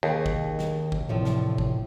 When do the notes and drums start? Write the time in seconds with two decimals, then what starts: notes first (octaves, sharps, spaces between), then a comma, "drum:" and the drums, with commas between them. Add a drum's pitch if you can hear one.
0.03 D#2 D#3 G#4
0.26 drum: kick G#1
0.59 drum: snare
0.92 drum: kick G#1
1.09 E2 A2 C3 F3
1.25 drum: snare
1.58 drum: kick G#1